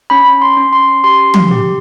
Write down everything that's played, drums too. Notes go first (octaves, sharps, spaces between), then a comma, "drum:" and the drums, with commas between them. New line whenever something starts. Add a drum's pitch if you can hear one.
C#4 B5
C6
C#4
C6
G4 C6
drum: tom
G4